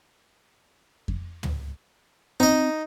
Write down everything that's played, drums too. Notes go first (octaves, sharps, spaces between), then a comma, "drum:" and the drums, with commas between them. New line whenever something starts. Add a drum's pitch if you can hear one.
drum: kick F2
drum: tom
C4 D#4 D#5